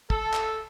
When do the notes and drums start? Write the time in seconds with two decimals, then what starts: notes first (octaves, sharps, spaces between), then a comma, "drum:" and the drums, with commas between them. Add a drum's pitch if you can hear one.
0.10 A4, drum: kick
0.34 drum: clap